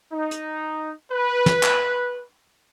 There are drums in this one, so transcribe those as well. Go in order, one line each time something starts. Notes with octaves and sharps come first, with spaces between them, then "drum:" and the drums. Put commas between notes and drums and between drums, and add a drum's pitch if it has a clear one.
D#4
drum: hi-hat
B4
drum: snare
drum: clap